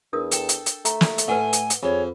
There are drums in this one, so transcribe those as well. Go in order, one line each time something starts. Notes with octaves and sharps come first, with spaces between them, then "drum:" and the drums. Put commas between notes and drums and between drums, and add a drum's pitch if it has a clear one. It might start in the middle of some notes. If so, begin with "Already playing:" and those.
E2 D4 A#4 D#6
A4 G5 A5, drum: hi-hat
drum: hi-hat
drum: hi-hat
A3 A#5, drum: hi-hat
drum: snare
drum: hi-hat
A2 B4 F#5 G#5
drum: hi-hat
drum: hi-hat
F2 G#4 C#5 B5